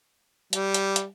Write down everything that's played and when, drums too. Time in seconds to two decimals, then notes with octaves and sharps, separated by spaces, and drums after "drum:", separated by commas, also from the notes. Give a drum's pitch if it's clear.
0.53 G3, drum: hi-hat
0.74 drum: hi-hat
0.96 drum: hi-hat